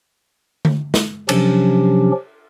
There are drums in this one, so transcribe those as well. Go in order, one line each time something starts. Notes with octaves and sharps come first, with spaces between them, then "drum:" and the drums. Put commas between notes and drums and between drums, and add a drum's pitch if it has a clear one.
drum: tom D3
drum: snare
C3 F3 F#3 C#4 D4 G4, drum: cymbal